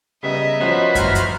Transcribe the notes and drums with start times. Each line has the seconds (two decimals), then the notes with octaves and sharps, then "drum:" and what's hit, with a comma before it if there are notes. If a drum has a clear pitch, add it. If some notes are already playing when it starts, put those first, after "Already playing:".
0.23 C#3 G3 B3 D#5 E5 A#5
0.60 F3 C#4 F#4 B4 C5
0.95 A1 A#5 F6, drum: kick F#2, hi-hat
1.15 drum: hi-hat